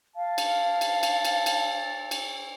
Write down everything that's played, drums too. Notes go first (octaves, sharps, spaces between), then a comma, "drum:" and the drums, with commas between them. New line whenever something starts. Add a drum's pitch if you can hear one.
F5 A5
drum: cymbal
drum: cymbal
drum: cymbal
drum: cymbal
drum: cymbal
drum: cymbal